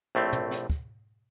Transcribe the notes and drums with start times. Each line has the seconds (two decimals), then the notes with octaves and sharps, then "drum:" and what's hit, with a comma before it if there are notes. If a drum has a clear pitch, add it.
0.15 A#1 A2 A3 C4
0.33 drum: tom
0.51 drum: snare
0.70 drum: kick